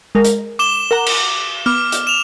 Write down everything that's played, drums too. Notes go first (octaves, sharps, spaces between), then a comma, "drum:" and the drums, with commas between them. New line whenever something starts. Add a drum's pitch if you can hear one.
G#3 A#4
drum: hi-hat
D6 E7 G7
A#4 F#5 A#5
drum: cymbal
B3 D6 F6
drum: hi-hat
E7 F7